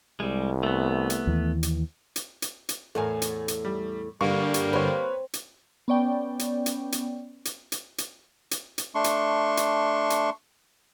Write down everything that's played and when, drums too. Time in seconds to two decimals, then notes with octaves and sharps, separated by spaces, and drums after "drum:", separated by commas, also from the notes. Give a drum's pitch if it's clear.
0.20 C2 G3 G#3
0.63 A3 B3
1.10 drum: hi-hat
1.27 D#2 E3
1.63 drum: hi-hat
2.16 drum: hi-hat
2.42 drum: hi-hat
2.69 drum: hi-hat
2.95 E2 A2 A3 A#4 G#5
3.22 drum: hi-hat
3.48 drum: hi-hat
3.65 G3
4.21 G2 D3 G3 A#3 C#6
4.54 drum: hi-hat
4.73 C4 B4 C#5
5.33 drum: hi-hat
5.88 B3 C#4 D5 G5
6.39 drum: hi-hat
6.66 drum: hi-hat
6.92 drum: hi-hat
7.45 drum: hi-hat
7.72 drum: hi-hat
7.98 drum: hi-hat
8.51 drum: hi-hat
8.78 drum: hi-hat
8.95 A3 D4 C6 C#6
9.04 drum: hi-hat
9.57 drum: hi-hat
10.10 drum: hi-hat